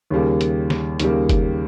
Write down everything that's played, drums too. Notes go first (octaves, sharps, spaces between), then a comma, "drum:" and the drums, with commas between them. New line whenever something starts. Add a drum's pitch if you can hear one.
D#2 C#3 G3 A#3
drum: hi-hat
drum: snare
D#2 C#3 G3 A#3, drum: hi-hat
drum: kick F#1, hi-hat